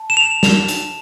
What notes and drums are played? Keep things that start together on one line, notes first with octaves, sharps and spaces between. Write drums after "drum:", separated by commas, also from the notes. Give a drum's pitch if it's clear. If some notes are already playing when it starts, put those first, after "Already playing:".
Already playing: A5
E7
F7
F7, drum: snare
drum: hi-hat